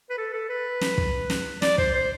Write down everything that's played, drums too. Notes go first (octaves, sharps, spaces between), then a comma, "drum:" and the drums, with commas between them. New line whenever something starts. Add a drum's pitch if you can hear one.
B4
A4
A4
B4
drum: snare
drum: kick
drum: snare
D5, drum: snare
C5, drum: kick
C5